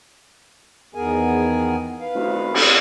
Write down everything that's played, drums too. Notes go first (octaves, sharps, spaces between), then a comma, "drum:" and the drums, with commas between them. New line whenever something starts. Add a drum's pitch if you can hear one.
E2 D#3 B3 G#4 A#4 G#5
B4 F5
drum: cymbal
drum: cymbal